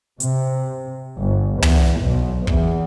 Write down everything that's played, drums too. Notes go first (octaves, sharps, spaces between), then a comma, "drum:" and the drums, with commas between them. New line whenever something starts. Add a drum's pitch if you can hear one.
C3, drum: hi-hat
G1
E2, drum: tom
B1
E2, drum: kick